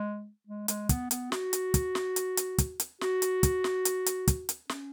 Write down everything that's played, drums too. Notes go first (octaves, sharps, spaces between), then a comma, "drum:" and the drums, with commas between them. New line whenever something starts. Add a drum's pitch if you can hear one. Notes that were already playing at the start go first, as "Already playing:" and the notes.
Already playing: G#3
G#3
G#3, drum: hi-hat
B3, drum: kick, hi-hat
B3, drum: hi-hat
F#4, drum: snare
drum: hi-hat
drum: kick, hi-hat
drum: snare
drum: hi-hat
drum: hi-hat
drum: kick, hi-hat
drum: hi-hat
F#4, drum: snare
drum: hi-hat
drum: kick, hi-hat
drum: snare
drum: hi-hat
drum: hi-hat
drum: kick, hi-hat
drum: hi-hat
C#4, drum: snare